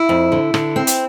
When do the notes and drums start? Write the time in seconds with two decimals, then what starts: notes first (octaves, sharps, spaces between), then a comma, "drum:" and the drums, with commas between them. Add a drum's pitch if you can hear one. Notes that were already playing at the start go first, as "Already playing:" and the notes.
Already playing: E4
0.09 F2
0.32 D3
0.54 D3, drum: rim click
0.76 C4
0.87 drum: hi-hat